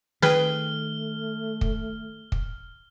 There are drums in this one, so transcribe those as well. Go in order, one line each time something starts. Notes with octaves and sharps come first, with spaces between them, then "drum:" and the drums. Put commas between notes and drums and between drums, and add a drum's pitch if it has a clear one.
D#3 A3 G#4 B4 G5 F6, drum: snare
drum: kick
drum: kick